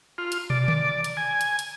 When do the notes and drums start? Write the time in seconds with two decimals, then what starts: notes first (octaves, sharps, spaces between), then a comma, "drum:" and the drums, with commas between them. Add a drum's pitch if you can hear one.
0.18 F4
0.32 drum: hi-hat
0.50 D5, drum: tom
0.68 drum: tom D3
1.04 drum: hi-hat
1.17 G#5
1.41 drum: hi-hat
1.59 drum: hi-hat